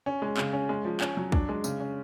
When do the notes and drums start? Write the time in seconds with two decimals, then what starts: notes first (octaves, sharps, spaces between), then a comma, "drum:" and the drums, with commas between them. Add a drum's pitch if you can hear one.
0.06 C#4
0.22 G#3
0.37 C#3, drum: clap
0.53 C#4
0.69 G#3
0.85 F3
1.01 C#4, drum: clap
1.17 F#3
1.32 D4, drum: kick
1.49 G#3
1.64 C#3, drum: tambourine
1.80 C#4